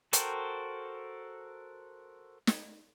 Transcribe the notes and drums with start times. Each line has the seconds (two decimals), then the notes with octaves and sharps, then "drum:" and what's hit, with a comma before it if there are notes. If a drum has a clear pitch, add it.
0.13 F#4 A4 A#4 C5 G5, drum: hi-hat
2.47 drum: snare